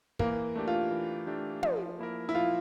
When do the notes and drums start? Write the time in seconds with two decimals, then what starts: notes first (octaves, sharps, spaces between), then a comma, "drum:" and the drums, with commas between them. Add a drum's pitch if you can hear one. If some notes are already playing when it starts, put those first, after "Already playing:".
0.19 E3 A#3, drum: kick
0.55 A3 D4 G4
0.68 F4
0.91 E3
1.27 A3 D4 G4
1.63 F3, drum: tom
1.99 A#3 E4 A#4
2.29 E4
2.35 F3 F4